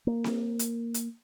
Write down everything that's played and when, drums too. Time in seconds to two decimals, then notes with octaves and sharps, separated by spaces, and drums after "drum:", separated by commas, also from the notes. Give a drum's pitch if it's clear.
0.07 A#3
0.24 drum: snare C4
0.59 drum: hi-hat
0.94 drum: hi-hat